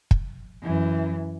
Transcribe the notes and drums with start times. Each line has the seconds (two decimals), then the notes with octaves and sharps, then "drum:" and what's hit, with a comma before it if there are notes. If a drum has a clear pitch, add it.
0.11 drum: kick
0.62 F#2 E3